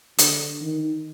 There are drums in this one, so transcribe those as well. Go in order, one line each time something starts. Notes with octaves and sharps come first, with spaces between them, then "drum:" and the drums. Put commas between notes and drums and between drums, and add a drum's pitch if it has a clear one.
D3, drum: hi-hat
D#3